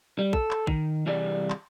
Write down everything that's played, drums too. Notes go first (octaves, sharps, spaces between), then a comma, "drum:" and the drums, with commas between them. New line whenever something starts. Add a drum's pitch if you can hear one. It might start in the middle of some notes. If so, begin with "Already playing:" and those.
G3
A4, drum: kick
drum: clap
D#3, drum: kick
C2 E3 G3 G#4 D5
drum: clap